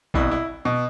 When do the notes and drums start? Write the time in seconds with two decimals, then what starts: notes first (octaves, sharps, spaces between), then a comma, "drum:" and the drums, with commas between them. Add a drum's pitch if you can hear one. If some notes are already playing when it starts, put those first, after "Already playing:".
0.14 C2 B2 E4, drum: kick
0.31 E4
0.65 B2